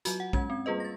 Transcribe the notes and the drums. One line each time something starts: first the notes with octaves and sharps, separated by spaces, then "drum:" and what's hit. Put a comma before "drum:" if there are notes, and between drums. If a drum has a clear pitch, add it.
F#3 F4 F#4, drum: hi-hat
F#5
G#3 C#4 G#6, drum: kick
C4
G3 A#3 F4 G#4 B4 D#5
A6 A#6